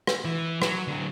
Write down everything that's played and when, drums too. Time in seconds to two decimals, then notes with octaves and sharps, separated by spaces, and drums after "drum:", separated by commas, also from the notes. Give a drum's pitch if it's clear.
0.07 drum: rim click
0.25 E3
0.62 F#3, drum: rim click
0.87 D3 F#3